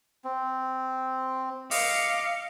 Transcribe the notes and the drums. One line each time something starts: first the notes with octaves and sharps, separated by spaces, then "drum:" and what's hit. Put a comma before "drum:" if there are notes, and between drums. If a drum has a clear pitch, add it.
C4
D#5 F5 D6 C#7, drum: open hi-hat